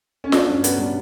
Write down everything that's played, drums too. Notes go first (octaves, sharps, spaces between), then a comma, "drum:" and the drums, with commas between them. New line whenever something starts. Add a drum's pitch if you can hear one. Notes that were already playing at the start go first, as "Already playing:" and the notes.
C#4
F#3 D4, drum: snare
G2 C#4
F#3 B3, drum: hi-hat
G3 D4